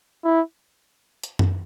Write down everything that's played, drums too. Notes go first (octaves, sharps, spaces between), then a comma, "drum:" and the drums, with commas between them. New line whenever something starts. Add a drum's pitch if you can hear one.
E4
drum: hi-hat
drum: tom F#2